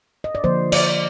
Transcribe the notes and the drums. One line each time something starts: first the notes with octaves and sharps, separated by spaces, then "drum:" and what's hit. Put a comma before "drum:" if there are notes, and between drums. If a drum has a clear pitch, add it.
D#5
D5
D3 F3 A#3 C5
D5, drum: cymbal